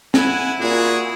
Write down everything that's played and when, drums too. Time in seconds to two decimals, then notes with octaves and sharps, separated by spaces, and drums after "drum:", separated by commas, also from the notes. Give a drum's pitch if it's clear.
0.14 E4 F#5 G#5, drum: snare
0.60 A#2 F#4 G#4